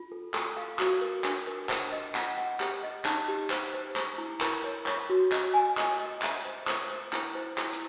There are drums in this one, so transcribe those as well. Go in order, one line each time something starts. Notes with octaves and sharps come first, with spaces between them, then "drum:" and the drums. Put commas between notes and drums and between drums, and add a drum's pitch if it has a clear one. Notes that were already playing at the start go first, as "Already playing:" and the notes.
Already playing: F4
A4
A4, drum: clap
F5
F#4, drum: clap
A#4
D4, drum: clap
A#4
C5, drum: clap
D#5
F#5, drum: clap
F#5
G4, drum: clap
D#5
D#4, drum: clap
G4
C5, drum: clap
C5
C5, drum: clap
E4
A#4, drum: clap
C#5
C#5, drum: clap
F#4
D#5, drum: clap
G#5
D#5, drum: clap
D#5
E5, drum: clap
C5
C5, drum: clap
C5
E4, drum: clap
C5
E4, drum: clap
drum: hi-hat